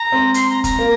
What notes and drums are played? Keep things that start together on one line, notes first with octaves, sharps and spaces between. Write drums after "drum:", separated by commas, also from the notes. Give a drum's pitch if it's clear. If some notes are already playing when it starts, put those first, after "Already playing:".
Already playing: A#5
C4
C6, drum: hi-hat
A#5
A#5, drum: kick, hi-hat
A#3